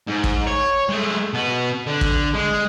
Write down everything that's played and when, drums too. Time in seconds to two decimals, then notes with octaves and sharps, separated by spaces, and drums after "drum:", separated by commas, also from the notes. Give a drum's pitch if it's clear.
0.07 G#2
0.24 drum: kick
0.47 C#5
0.89 G#3 A3
1.33 B2 B3
1.87 D3
2.01 drum: kick
2.34 G#3